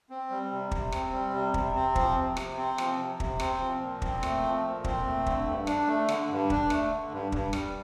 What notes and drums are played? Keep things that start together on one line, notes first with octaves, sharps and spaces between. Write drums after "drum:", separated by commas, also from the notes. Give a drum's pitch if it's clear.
C4
G3
C3
C3, drum: kick
C4, drum: rim click
G3
C3
C3, drum: kick
C4
F3, drum: kick
C3
C3, drum: rim click
C4
F3, drum: rim click
C3
C3, drum: kick
C4, drum: rim click
F3
A#2
C4, drum: kick
A3, drum: rim click
F3
A#2
C4, drum: kick
A3
D3, drum: kick
G2
D4, drum: rim click
A3
D3, drum: rim click
G2
D4, drum: kick
A3, drum: rim click
D3
G2
G2, drum: kick
G3, drum: rim click